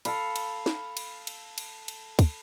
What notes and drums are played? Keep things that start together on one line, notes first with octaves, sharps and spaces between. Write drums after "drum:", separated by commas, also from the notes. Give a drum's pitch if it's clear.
A4 F5 B5, drum: cymbal
drum: cymbal
drum: snare
drum: cymbal
drum: cymbal
drum: cymbal
drum: cymbal
drum: kick, cymbal